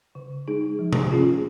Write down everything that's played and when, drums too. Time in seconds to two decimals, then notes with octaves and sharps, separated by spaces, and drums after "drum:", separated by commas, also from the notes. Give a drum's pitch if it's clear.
0.15 C#3
0.48 G#3 D#4 G#4
0.79 F3
0.93 drum: tom C3
1.11 A#3 C#4 F4 G#4